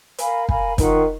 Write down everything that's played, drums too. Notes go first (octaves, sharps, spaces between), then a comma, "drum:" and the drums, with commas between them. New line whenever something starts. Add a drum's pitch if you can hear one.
A#4 F5 G#5 B5, drum: hi-hat
A#4 F5 G#5 B5, drum: kick
D#3 F4 B4 F#5 C#6, drum: kick, hi-hat